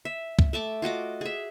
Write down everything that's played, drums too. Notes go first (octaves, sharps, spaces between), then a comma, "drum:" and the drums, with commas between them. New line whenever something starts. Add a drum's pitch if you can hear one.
E5
drum: kick
A3 E5 A5 D6
F4 F#4 D#5 D6
G#4 E5